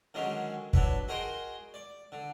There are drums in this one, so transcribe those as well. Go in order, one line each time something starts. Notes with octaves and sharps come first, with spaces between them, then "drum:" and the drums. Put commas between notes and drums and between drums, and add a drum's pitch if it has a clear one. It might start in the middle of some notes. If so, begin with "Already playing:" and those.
D3 D#3 F#3 G#3 C#4
F#3 D4 E4 B4, drum: kick
F#4 G#4 A#4 D#5 G5 C6
D5
D3